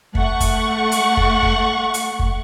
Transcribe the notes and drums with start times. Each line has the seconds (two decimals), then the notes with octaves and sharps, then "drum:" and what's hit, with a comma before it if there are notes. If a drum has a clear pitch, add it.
0.15 A3 F#5 C#6, drum: kick
0.40 drum: kick, hi-hat
0.92 drum: hi-hat
1.17 drum: kick
1.43 drum: kick
1.94 drum: hi-hat
2.19 drum: kick